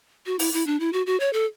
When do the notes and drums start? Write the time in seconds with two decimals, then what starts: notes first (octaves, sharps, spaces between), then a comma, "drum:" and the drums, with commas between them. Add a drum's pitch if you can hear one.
0.26 F#4
0.39 E4, drum: open hi-hat
0.53 E4
0.67 D4
0.80 E4
0.93 F#4
1.06 F#4
1.20 C#5
1.33 A4